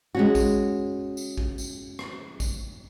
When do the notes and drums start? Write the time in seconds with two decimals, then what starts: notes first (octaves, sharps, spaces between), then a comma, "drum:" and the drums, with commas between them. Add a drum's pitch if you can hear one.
0.15 G#3 C#4 F#4
0.35 drum: kick A1, tambourine
1.17 drum: tambourine
1.38 drum: kick A1
1.58 drum: tambourine
1.99 drum: rim click
2.40 drum: kick A1, tambourine